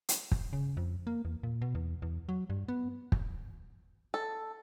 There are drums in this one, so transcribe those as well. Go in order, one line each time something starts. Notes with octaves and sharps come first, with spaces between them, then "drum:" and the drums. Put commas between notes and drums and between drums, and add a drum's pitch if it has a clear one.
drum: hi-hat
drum: kick
C#3
F2
A#3
E2
A#2
B2
E2
E2
F#3
G2
B3
drum: kick
A4